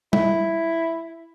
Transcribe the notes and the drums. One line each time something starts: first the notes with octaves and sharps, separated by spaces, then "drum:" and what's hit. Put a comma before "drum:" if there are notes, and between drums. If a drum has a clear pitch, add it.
E4, drum: tom G3